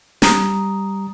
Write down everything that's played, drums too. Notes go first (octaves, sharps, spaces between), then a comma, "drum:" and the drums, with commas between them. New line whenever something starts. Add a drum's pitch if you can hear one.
G3 A#5 D#6, drum: snare